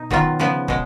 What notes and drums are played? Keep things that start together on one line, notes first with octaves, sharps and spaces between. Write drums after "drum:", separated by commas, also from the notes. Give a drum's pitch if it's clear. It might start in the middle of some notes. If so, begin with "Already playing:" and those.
Already playing: B2 D#4
D#3 F#3 B3 F4, drum: kick
C#3 F3 B3
B2 G#3, drum: kick